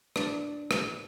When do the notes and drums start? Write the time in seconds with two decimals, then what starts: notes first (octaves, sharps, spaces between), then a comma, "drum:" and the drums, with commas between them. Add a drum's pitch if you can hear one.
0.16 D4, drum: rim click
0.71 drum: rim click